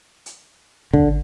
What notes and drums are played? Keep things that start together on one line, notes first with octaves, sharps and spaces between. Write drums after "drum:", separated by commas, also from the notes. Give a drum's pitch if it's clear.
drum: hi-hat
D3, drum: kick